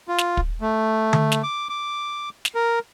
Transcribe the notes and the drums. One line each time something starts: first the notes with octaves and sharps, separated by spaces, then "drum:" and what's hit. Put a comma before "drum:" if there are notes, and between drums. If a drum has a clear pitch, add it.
F4
drum: snare
drum: kick
A3
drum: tom D3
drum: snare
D6
D6
drum: snare
A#4